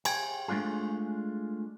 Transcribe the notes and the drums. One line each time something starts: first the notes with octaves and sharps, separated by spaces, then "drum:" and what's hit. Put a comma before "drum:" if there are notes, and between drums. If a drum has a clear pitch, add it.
G5 G#5, drum: cymbal
G#3 A3 D4 F4 G#4